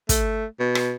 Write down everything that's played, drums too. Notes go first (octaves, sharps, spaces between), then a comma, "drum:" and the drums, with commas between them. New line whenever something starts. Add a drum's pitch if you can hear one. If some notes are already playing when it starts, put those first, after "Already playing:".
A3, drum: kick, hi-hat
B2
drum: rim click